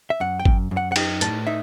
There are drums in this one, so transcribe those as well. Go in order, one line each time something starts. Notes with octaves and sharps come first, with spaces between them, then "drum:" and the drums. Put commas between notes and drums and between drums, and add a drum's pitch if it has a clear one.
E5
F#2 F#5
G5
F#2, drum: kick
F#2
F#5
F#5
D#4 G5, drum: cymbal
A2 A5, drum: hi-hat
D#4 E5